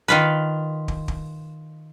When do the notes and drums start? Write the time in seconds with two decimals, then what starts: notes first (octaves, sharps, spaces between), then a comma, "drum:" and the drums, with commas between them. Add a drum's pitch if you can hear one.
0.08 D#3 F4 B4
0.88 drum: kick
1.08 drum: kick